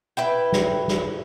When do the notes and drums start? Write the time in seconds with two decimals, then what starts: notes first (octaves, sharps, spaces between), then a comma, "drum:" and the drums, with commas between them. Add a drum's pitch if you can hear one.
0.17 E4 B4 G5
0.52 drum: snare
0.88 drum: snare